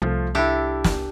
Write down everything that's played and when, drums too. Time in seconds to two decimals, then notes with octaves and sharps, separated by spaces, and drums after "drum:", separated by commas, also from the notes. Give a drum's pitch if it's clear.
0.02 C2 F3 A3 F4
0.35 D4 E4 G4 A4 E5
0.84 drum: snare